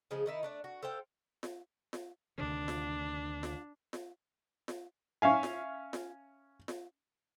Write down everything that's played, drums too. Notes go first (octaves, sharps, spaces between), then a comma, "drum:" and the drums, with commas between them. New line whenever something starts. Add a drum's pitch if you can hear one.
C#3 F3 G#3 G#4
D#3 D#4 E4
A3 D4 D5
F#4
A4 C5 F5 G5
drum: snare F4
drum: snare F4
D2 C3 D#3 D4
drum: snare F4
drum: snare F4
drum: snare F4
drum: snare F4
C#4 E5 F5 G#5
drum: snare F4
drum: snare F4
drum: snare F4